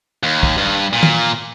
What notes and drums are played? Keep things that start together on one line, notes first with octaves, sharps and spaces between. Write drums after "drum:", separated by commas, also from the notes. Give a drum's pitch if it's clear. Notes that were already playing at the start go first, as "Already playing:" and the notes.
D#2
drum: kick
G2
A#2
drum: tom